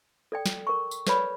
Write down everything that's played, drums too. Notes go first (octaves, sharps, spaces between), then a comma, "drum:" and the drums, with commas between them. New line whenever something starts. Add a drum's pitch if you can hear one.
A4 D5 G5
drum: snare
A#4 C#6
drum: tambourine
A4 B4 C#5 D5 B5, drum: snare